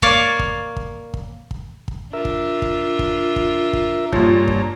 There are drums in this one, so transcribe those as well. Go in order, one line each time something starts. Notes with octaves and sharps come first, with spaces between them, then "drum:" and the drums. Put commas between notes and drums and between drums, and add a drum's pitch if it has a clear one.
A#3 C#5 D5 F5, drum: kick
drum: kick
drum: kick
drum: kick
drum: kick
drum: kick
D4 F4 A#4 E5
drum: kick
drum: kick
drum: kick
drum: kick
drum: kick
G2 A#2 F3 C#5 A#5, drum: kick
drum: kick